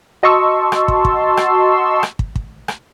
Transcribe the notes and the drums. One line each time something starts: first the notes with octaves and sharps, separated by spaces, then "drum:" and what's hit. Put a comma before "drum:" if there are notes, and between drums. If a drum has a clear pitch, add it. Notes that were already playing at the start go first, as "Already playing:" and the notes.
F#4 D#5 A5 C6 C#6 E6
drum: rim click
drum: kick
drum: kick
drum: rim click
drum: rim click
drum: kick
drum: kick
drum: rim click